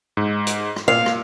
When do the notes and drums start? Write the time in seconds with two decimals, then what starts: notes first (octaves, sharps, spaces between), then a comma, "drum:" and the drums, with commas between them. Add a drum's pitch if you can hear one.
0.17 G#2
0.47 drum: hi-hat
0.76 drum: rim click
0.88 A#2 F5
1.06 drum: rim click